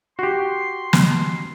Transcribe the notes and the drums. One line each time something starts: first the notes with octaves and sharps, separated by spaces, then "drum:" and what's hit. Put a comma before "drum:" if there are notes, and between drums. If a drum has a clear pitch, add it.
F#4 G4 C6
drum: snare